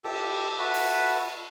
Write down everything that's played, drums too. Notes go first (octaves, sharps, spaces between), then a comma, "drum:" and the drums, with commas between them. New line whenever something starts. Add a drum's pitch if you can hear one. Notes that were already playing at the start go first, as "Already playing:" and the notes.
G4 A4, drum: cymbal
F#4 A4 B4 E5
drum: open hi-hat